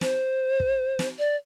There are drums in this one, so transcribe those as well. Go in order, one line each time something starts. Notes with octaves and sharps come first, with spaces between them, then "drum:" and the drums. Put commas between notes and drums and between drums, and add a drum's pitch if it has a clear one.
C5, drum: snare
drum: kick
drum: snare
D5